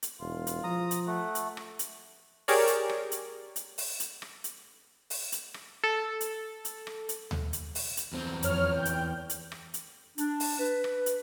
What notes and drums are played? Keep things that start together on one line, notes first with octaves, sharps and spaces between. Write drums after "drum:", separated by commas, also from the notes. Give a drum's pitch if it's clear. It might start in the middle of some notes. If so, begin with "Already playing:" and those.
drum: hi-hat
E1 F4
drum: hi-hat
F3 A#5 D#6
drum: hi-hat
A3 F#5
drum: hi-hat
drum: rim click
drum: hi-hat
G4 G#4 A#4 C#5 D5, drum: open hi-hat
drum: hi-hat
drum: rim click
drum: hi-hat
drum: hi-hat
drum: open hi-hat
drum: hi-hat
drum: rim click
drum: hi-hat
drum: open hi-hat
drum: hi-hat
drum: rim click
A4
drum: hi-hat
drum: hi-hat
drum: rim click
drum: hi-hat
drum: tom D2
drum: hi-hat
drum: open hi-hat
drum: hi-hat
E2 C4
F2 C#5 F6, drum: hi-hat
G5 G6
drum: hi-hat
drum: hi-hat
drum: rim click
drum: hi-hat
D4, drum: hi-hat
drum: open hi-hat
B4
drum: rim click
drum: hi-hat